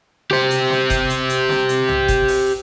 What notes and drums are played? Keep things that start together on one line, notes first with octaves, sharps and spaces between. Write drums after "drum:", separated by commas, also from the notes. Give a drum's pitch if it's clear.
G4 C5, drum: snare
drum: hi-hat
drum: snare
drum: kick F#1, hi-hat
drum: hi-hat
drum: hi-hat
drum: snare
drum: hi-hat
drum: tom B1
drum: kick F#1, hi-hat
drum: open hi-hat